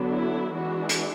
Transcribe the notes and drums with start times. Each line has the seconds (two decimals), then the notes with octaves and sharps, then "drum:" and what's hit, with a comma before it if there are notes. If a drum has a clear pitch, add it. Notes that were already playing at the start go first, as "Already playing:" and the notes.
Already playing: D3 F#3 B3 D4
0.12 E4
0.54 E3 G#3 D4 F#4
0.89 drum: hi-hat